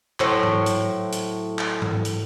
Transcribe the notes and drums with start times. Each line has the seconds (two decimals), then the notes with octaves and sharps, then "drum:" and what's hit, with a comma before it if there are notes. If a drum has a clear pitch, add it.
0.20 A2 F#3 C5 C#5, drum: clap
0.43 drum: tom G#2
0.66 drum: hi-hat
1.12 drum: hi-hat
1.59 drum: clap
1.82 drum: tom G#2
2.05 drum: hi-hat